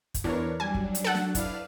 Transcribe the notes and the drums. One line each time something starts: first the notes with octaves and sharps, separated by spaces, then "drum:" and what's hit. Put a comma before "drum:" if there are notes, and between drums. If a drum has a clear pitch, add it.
drum: kick, hi-hat
E2 D4 A#4 B4 C#5
F#3 G3 D4 G#5
drum: kick
drum: hi-hat
A4 F#5
drum: snare
D4 E4 B4 F5 A5, drum: kick, hi-hat